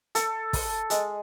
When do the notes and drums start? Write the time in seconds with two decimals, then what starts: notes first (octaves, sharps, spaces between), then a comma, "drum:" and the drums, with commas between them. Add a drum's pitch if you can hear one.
0.15 A4, drum: hi-hat
0.53 drum: kick, open hi-hat
0.90 G#3, drum: hi-hat